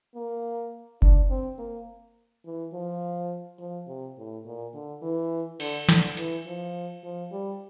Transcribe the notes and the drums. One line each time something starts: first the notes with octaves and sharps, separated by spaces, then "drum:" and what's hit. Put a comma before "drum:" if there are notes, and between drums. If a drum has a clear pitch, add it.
A#3
D4, drum: kick F#1
C4
A#3
E3
F3
F3
C3
A2
A#2
D3
E3
D3, drum: cymbal
D3, drum: snare
E3, drum: hi-hat
F3
F3
G3